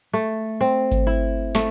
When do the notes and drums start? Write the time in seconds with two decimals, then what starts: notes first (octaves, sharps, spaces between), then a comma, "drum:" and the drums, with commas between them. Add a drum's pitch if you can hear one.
0.13 A3
0.61 C4
0.92 drum: kick G#1, hi-hat
1.07 E4
1.55 A3, drum: snare